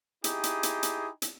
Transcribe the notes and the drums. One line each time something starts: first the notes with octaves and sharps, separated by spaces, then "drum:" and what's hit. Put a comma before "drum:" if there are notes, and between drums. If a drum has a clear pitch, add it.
D#4 E4 G4 G#4, drum: hi-hat
drum: hi-hat
drum: hi-hat
drum: hi-hat
drum: hi-hat